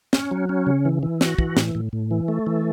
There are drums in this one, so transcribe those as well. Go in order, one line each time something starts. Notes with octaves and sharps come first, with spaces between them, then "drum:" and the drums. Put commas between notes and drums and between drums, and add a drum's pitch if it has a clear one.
C#4, drum: snare
F#3
C#4
C#3
E3
E3
F#4, drum: snare
E3, drum: kick
A2, drum: snare
A2
A2
E3
A3
E3